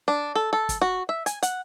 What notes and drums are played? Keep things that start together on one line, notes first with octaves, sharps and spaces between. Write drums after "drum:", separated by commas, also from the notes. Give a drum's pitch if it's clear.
D4
A4
A4
drum: kick, hi-hat
F#4
E5
G#5, drum: hi-hat
F#5, drum: hi-hat